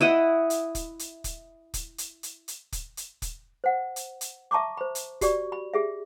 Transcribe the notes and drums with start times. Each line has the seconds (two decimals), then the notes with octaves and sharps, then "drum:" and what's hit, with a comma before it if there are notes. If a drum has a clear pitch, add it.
0.01 E4 D#5 F#5
0.50 drum: hi-hat
0.75 drum: kick, hi-hat
0.99 drum: hi-hat
1.24 drum: kick, hi-hat
1.74 drum: kick, hi-hat
1.98 drum: hi-hat
2.23 drum: hi-hat
2.48 drum: hi-hat
2.72 drum: kick, hi-hat
2.97 drum: hi-hat
3.22 drum: kick, hi-hat
3.64 C5 F#5
3.96 drum: hi-hat
4.21 drum: hi-hat
4.51 E5 A5 A#5 C#6 D6
4.77 C5 B5
4.95 drum: hi-hat
5.21 F#4 G4 D5 C#6, drum: kick, hi-hat
5.52 B5
5.74 G4 G#4 E5